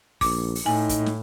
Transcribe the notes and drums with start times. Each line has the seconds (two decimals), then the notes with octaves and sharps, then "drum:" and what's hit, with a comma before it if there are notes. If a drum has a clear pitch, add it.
0.21 A#1 D6, drum: kick, open hi-hat
0.55 drum: open hi-hat
0.66 A2 D#4 G#5
0.89 drum: kick, hi-hat
1.06 drum: snare